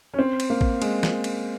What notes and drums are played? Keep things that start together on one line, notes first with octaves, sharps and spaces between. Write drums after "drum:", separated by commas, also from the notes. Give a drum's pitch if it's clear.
C#4
C4
drum: cymbal
A#3
drum: kick
G#3, drum: cymbal
drum: snare
drum: cymbal